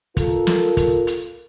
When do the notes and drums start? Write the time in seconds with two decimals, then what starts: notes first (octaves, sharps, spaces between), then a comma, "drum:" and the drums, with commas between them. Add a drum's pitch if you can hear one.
0.17 F4 A4 A#4, drum: kick, hi-hat
0.47 drum: snare
0.77 drum: kick, hi-hat
1.07 drum: hi-hat